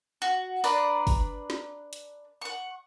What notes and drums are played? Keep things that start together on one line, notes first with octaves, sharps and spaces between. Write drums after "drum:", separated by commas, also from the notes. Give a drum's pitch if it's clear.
F#4
D4 B4 D5 A#5, drum: open hi-hat
drum: kick, open hi-hat
drum: snare
drum: hi-hat
F#5 C#6